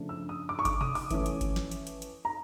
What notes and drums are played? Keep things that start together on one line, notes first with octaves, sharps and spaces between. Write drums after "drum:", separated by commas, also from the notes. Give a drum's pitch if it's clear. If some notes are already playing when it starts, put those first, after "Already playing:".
Already playing: C#3 F3 A3 D4
E6
D#6
D6
C#6
D6, drum: kick G1, hi-hat
D#6, drum: tom B2
D6, drum: open hi-hat
E3 A3 C#4, drum: kick G1, hi-hat
drum: hi-hat
drum: kick G1, hi-hat
drum: snare
drum: hi-hat
drum: hi-hat
drum: hi-hat
A#5